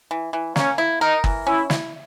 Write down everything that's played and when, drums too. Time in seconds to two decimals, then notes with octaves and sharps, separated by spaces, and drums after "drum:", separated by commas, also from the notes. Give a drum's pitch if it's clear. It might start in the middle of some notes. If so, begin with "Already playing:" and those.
0.11 E3
0.33 E3
0.56 A#3 C#4, drum: snare
0.78 E4
1.01 D#4 A#4
1.24 E3, drum: kick G1
1.47 C#4 E4
1.70 E4, drum: snare